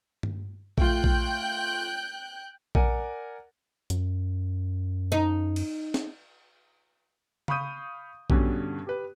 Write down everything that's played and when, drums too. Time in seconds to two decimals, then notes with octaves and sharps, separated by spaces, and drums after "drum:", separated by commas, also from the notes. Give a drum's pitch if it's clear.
0.23 drum: tom G2
0.78 A3 F4 G5 F#6 G6, drum: kick A#1
1.04 drum: kick A#1
2.75 A#4 D5 F#5 G#5, drum: kick A#1
3.90 F#2, drum: hi-hat
5.12 D#4
5.56 drum: cymbal
5.94 drum: snare
7.48 F5 B5 C#6 D#6 G6 D#7, drum: tom C#3
8.30 G2 B2 D3 C#4 G4, drum: kick A#1
8.87 G4 B4